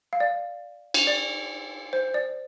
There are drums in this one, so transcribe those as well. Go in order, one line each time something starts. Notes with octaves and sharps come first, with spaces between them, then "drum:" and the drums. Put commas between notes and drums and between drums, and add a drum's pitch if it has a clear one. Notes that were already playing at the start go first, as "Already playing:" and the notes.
F5
D5
drum: cymbal
D5
C5
D5